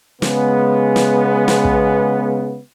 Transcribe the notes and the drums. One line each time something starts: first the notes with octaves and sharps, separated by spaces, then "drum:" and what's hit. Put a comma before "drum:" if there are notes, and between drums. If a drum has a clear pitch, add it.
C#3 G#3 B3, drum: snare
drum: snare
drum: snare
drum: kick